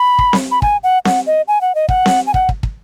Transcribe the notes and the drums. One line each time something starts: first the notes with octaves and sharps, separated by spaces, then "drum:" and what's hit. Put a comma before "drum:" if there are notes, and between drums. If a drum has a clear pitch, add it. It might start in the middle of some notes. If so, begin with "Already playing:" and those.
Already playing: B5
drum: kick
drum: snare C4
B5
G#5, drum: kick
F#5
F#5, drum: snare C4
D#5
G#5
F#5
D#5
F#5, drum: kick
drum: snare C4
G#5
F#5, drum: kick
drum: kick
drum: kick